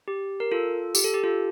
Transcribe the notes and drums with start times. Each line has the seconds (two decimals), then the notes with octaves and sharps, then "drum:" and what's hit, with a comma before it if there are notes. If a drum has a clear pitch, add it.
0.08 G4
0.40 A#4
0.52 F4 A4
0.95 G4, drum: tambourine
1.04 A4
1.14 G4
1.23 F4 A4